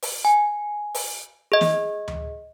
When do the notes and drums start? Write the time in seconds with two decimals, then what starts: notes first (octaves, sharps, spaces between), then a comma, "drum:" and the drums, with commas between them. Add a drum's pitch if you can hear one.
0.02 drum: open hi-hat
0.25 G#5
0.95 drum: open hi-hat
1.52 G#4 D#5
1.61 drum: snare
2.08 drum: tom D2